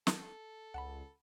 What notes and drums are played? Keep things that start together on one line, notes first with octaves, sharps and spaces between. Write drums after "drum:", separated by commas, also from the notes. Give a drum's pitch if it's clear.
A4, drum: snare
C#2 F#5 A5 B5